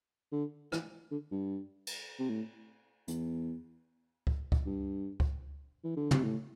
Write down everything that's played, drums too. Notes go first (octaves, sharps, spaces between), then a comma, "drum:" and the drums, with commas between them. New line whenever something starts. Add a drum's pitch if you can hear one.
D3
E3, drum: rim click
D3
G2
drum: cymbal
C3
A2
E2, drum: hi-hat
drum: kick C#2
drum: kick C#2
G2
drum: kick C#2
E3
D3
C3, drum: tom
A2